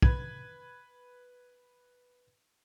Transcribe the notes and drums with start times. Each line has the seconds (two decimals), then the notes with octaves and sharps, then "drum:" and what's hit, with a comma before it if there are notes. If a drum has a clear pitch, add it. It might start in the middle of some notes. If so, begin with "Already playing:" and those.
0.02 B4 G#6, drum: kick